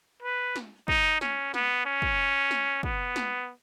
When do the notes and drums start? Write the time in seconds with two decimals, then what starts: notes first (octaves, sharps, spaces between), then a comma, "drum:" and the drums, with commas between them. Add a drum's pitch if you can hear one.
0.23 B4
0.56 drum: snare
0.88 D#4, drum: kick
1.21 C#4, drum: snare
1.54 B3, drum: snare
1.85 C#4
2.02 drum: kick
2.51 drum: snare
2.83 B3, drum: kick
3.16 drum: snare